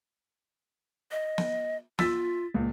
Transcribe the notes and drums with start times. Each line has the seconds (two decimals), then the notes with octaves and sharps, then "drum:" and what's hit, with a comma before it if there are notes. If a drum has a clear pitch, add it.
1.11 D#5
1.38 drum: snare
1.99 F4 E6 A6 B6, drum: snare
2.54 C#2 A#2